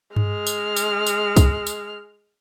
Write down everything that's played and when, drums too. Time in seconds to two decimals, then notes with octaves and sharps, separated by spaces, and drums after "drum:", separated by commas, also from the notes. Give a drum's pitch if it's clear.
0.16 G#3 F6, drum: tom G2
0.46 drum: tambourine
0.76 drum: tambourine
1.06 drum: tambourine
1.37 drum: kick, tambourine
1.67 drum: tambourine